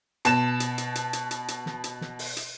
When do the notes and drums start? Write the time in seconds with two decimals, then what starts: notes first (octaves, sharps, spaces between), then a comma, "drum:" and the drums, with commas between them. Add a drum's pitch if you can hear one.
0.25 B2 A5 E7, drum: hi-hat
0.60 drum: hi-hat
0.78 drum: hi-hat
0.95 drum: hi-hat
1.13 drum: hi-hat
1.31 drum: hi-hat
1.48 drum: hi-hat
1.66 drum: snare
1.84 drum: hi-hat
2.01 drum: snare
2.19 drum: open hi-hat
2.37 drum: hi-hat